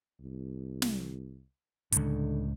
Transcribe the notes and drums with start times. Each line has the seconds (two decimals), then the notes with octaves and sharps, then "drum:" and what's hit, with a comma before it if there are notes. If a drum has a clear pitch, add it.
0.21 C2
0.82 drum: snare
1.92 C#2 A2 D3, drum: hi-hat